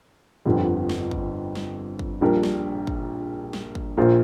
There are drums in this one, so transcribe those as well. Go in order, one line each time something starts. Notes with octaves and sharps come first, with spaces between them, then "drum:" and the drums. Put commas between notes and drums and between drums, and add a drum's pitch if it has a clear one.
G1 F2 D3 G3 C4
drum: snare
drum: kick
drum: snare
drum: kick
A#1 A#2 G3 D4 A#4
drum: snare
drum: kick
drum: snare
drum: kick
A#1 A#2 A#3 F4 C5